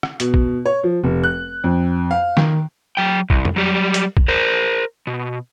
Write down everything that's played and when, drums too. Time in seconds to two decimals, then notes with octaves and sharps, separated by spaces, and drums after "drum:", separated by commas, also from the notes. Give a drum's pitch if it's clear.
0.03 drum: rim click
0.20 B2, drum: hi-hat
0.34 drum: kick
0.65 C#5
0.83 F3
1.04 F1
1.23 F#6
1.64 F2
2.11 F5
2.37 D#3, drum: snare
2.97 F#3 G5
3.30 C2, drum: kick
3.45 drum: tom
3.56 F#3 G3
3.94 drum: hi-hat
4.17 drum: kick
4.28 A#4 C5
5.07 B2